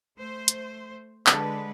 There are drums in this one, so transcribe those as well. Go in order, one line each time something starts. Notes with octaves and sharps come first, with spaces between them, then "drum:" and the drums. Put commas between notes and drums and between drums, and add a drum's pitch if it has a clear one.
A3 C5
drum: hi-hat
D3 G#3 D4 A4 B4, drum: clap